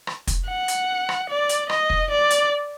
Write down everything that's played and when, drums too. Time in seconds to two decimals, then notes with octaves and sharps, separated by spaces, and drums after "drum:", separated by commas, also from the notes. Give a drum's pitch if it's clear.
0.07 drum: rim click
0.27 drum: kick, hi-hat
0.48 F#5
0.68 drum: hi-hat
1.09 drum: rim click
1.29 D5
1.49 drum: hi-hat
1.69 D#5, drum: rim click
1.90 drum: kick
2.11 D5
2.30 drum: hi-hat